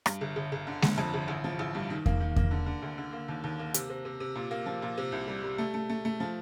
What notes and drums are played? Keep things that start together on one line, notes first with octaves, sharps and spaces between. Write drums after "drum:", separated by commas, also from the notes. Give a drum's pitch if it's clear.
G2, drum: rim click
G1
G1
G1
D3
G1, drum: snare G#3
F2
G1
A1
F3
A1
G2
D#3
A#3, drum: kick E2
D#3
A#3, drum: kick E2
D3
D3
D2
D3
A#3
D#2
D#2
A#3
C3, drum: hi-hat
C3
C3
C3
A#2
A#3
F3
A#2
C3
C2
G3
G3
A3
A3
A3
A3
F3